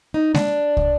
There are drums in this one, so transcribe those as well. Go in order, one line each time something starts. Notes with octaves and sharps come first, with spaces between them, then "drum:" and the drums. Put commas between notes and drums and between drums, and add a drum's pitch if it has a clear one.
D#4
D4, drum: snare G#3
drum: kick